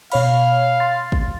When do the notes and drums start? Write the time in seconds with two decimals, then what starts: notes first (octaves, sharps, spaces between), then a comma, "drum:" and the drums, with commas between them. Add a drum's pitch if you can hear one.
0.12 B2 C#5 F5 B5, drum: cymbal
0.80 C6 A6
1.12 drum: kick